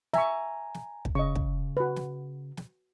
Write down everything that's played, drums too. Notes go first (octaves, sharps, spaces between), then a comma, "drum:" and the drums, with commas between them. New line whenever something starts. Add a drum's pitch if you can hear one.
E5 G#5 A#5 C#6, drum: snare
drum: snare
drum: kick
C#3 D#5 C#6
drum: kick
F#4 B4
drum: snare
drum: snare